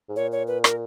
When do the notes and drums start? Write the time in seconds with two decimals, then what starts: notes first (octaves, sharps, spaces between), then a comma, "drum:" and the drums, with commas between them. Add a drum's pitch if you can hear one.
0.09 G#2
0.16 A#2 C#5
0.32 C#5
0.47 B4
0.64 A#4, drum: rim click